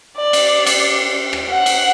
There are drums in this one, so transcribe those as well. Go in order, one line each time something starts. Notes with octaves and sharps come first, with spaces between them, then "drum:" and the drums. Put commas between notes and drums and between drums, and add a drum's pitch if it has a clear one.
D5
drum: cymbal
drum: cymbal
drum: rim click
F#5
drum: cymbal